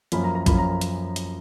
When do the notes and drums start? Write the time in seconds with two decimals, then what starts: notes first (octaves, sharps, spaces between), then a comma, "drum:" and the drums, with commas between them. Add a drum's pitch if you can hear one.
0.12 F#2 F3 A#3 C#4 B5, drum: hi-hat
0.24 A#5
0.35 A#5
0.46 F#2 F3 A#3 C#4 B5, drum: kick A#1, hi-hat
0.58 A#5
0.81 drum: hi-hat
1.16 drum: hi-hat